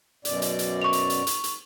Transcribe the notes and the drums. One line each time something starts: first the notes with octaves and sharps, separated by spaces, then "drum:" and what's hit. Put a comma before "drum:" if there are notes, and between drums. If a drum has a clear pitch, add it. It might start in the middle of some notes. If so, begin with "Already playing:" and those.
F#2 B2 D5, drum: hi-hat
drum: hi-hat
drum: hi-hat
C#6 F7
drum: hi-hat
drum: hi-hat
drum: hi-hat
drum: hi-hat